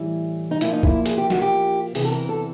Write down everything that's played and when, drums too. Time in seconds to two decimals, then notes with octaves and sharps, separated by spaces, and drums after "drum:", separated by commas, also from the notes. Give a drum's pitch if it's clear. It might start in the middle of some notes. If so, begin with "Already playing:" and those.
Already playing: A2 E3 G3
0.51 D#4
0.61 A#2 F3 A#3 E4, drum: hi-hat
0.73 D#4
0.83 E4, drum: kick
1.06 G#4, drum: hi-hat
1.18 G4
1.30 F#4, drum: snare
1.42 G4
1.95 E2 C3 E3 G#4, drum: open hi-hat
2.05 A4
2.12 A#4
2.29 A4